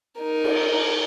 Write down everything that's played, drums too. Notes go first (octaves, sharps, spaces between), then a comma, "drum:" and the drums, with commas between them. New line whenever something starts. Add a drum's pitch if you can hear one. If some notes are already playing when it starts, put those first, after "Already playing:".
D#4 A#4
drum: cymbal